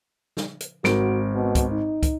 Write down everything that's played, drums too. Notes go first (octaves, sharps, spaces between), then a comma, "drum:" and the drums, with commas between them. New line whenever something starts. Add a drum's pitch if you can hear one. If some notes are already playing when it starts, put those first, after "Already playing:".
drum: snare
drum: hi-hat
G#1 F#4 A#4 D7, drum: snare
B2
drum: kick, hi-hat
D#4
drum: kick, hi-hat